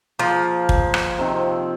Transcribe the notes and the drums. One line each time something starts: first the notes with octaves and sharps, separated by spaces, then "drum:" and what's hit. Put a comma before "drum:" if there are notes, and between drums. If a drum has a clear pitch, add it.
F3 A#3 F4 G#4 C5
drum: kick
drum: rim click
C3 D#3 C4 G#4